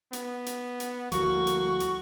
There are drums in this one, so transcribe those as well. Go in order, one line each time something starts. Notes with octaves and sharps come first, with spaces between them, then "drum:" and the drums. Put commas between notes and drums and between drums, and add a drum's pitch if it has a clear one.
B3, drum: hi-hat
drum: hi-hat
drum: hi-hat
D2 A2 F3 G3 A#3 F#4 C#6, drum: hi-hat
drum: hi-hat
drum: hi-hat